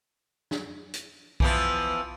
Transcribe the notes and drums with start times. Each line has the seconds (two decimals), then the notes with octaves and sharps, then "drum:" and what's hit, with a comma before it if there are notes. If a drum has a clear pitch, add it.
0.51 drum: snare
0.93 drum: hi-hat
1.40 E3 F3 B3, drum: kick B1